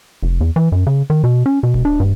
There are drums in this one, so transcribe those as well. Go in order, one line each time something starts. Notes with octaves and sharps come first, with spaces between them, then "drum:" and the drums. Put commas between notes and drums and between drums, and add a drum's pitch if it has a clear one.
F1
E2
E3
F#2
C#3
D#3
B2
C#4
B2
drum: kick D1
D4
G2